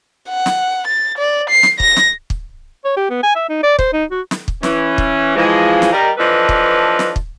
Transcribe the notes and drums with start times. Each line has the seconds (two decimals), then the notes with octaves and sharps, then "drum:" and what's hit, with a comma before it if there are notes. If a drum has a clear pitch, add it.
0.30 F#5
0.46 drum: snare
0.87 A6
1.18 D5
1.50 C7
1.63 drum: snare
1.80 A#6, drum: kick
1.97 drum: snare
2.30 drum: kick
2.85 C#5
2.97 G4
3.10 B3
3.23 G#5
3.35 E5
3.49 D#4
3.63 D5
3.79 C5, drum: kick
3.93 D#4
4.11 F#4
4.31 drum: snare
4.48 drum: kick
4.63 E3 C#4, drum: snare
4.98 drum: kick
5.36 E3 F3 G#3
5.82 drum: snare
5.92 G3 A#4 D#5
6.18 E3 F3 D4 A4 B4 D#5
6.49 drum: kick
6.99 drum: snare
7.16 drum: kick